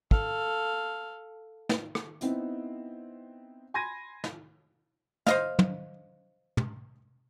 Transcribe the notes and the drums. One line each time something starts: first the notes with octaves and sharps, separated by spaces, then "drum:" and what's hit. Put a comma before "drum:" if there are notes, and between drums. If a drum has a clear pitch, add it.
A4 F5, drum: kick
drum: snare
drum: rim click
B3 C4 D#4 E4, drum: hi-hat
G#5 B5 C6 G#6 A#6 D#7
drum: snare
C5 D#5 F5, drum: snare
drum: tom
drum: tom